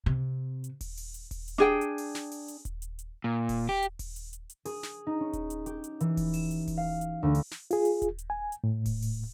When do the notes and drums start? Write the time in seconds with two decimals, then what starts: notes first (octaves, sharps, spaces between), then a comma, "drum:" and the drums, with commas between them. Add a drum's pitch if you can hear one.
0.06 C3
0.64 drum: hi-hat
0.81 drum: kick D#1, open hi-hat
0.97 drum: open hi-hat
1.14 drum: hi-hat
1.31 drum: kick D#1, open hi-hat
1.48 drum: hi-hat
1.58 D4 G#4 G5
1.81 drum: hi-hat
1.98 drum: open hi-hat
2.15 drum: snare
2.32 drum: open hi-hat
2.48 drum: hi-hat
2.65 drum: kick D#1, hi-hat
2.82 drum: hi-hat
2.99 drum: hi-hat
3.24 A#2
3.49 drum: kick D#1, open hi-hat
3.69 G4
3.82 drum: hi-hat
3.99 drum: kick D#1, open hi-hat
4.16 drum: hi-hat
4.33 drum: hi-hat
4.50 drum: hi-hat
4.65 G#4, drum: open hi-hat
4.83 drum: snare
5.07 D#4
5.20 C#4
5.33 drum: kick D#1, hi-hat
5.50 drum: hi-hat
5.66 G4, drum: hi-hat
5.84 drum: hi-hat
6.00 E3, drum: hi-hat
6.17 drum: kick D#1, open hi-hat
6.34 E7, drum: open hi-hat
6.51 drum: hi-hat
6.68 drum: kick D#1, open hi-hat
6.77 F5
7.01 drum: hi-hat
7.23 D2
7.35 drum: open hi-hat
7.51 drum: snare
7.71 F4 G#4, drum: open hi-hat
7.85 drum: hi-hat
8.02 drum: kick D#1, hi-hat
8.18 drum: hi-hat
8.30 G#5
8.52 drum: hi-hat
8.64 A2
8.86 drum: kick D#1, open hi-hat
9.02 drum: open hi-hat